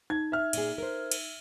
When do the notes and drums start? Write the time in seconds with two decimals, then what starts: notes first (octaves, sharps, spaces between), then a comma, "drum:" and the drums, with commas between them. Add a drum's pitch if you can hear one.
0.10 D#4 G#6
0.32 E5 F6
0.53 A#2 G#4, drum: cymbal
0.78 A#4 C5
1.12 drum: cymbal